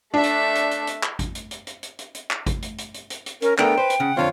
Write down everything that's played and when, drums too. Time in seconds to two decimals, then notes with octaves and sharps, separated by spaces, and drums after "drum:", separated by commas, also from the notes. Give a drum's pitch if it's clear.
0.14 A3 D4 E5
0.23 drum: hi-hat
0.55 drum: hi-hat
0.71 drum: hi-hat
0.87 drum: hi-hat
1.03 drum: clap
1.19 drum: kick G#1, hi-hat
1.35 drum: hi-hat
1.51 drum: hi-hat
1.67 drum: hi-hat
1.83 drum: hi-hat
1.99 drum: hi-hat
2.15 drum: hi-hat
2.31 drum: clap
2.46 drum: kick G#1, hi-hat
2.62 drum: hi-hat
2.78 drum: hi-hat
2.94 drum: hi-hat
3.10 drum: hi-hat
3.26 drum: hi-hat
3.42 C#4 A#4, drum: hi-hat
3.58 A3 B3 D4 A4 A#4 G5, drum: clap
3.77 B4 C5
3.90 drum: hi-hat
4.00 C#3 F#5
4.17 F2 D3 C4 F4 C#5 F5